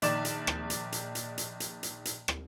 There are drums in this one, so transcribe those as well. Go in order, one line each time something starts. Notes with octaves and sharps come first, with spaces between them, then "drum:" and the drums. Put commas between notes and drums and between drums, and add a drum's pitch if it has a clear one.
A#1 D#3 D5 E7, drum: hi-hat
drum: hi-hat
drum: rim click
drum: hi-hat
drum: hi-hat
drum: hi-hat
drum: hi-hat
drum: hi-hat
drum: hi-hat
drum: hi-hat
drum: rim click